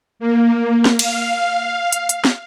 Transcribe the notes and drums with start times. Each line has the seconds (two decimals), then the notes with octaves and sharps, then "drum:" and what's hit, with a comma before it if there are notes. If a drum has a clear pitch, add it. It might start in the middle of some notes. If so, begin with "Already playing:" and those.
0.19 A#3
0.85 drum: snare
0.99 F5, drum: cymbal
1.93 drum: hi-hat
2.09 drum: hi-hat
2.25 drum: snare